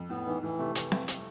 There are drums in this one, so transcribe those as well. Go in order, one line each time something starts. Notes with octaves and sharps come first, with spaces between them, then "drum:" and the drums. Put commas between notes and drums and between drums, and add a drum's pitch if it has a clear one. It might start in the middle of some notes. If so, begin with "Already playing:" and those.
Already playing: F2
A2 B3
G#2 E3
A2 E3
C3 A3
E3, drum: hi-hat
A3, drum: snare C4
A3, drum: hi-hat